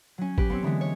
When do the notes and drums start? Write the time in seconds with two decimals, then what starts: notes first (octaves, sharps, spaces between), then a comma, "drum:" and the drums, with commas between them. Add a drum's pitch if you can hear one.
0.18 F#3 C#4
0.38 G4 B4, drum: kick
0.50 B3 C4 C#5 E6
0.63 D3 E3 G#3 B3
0.81 C#5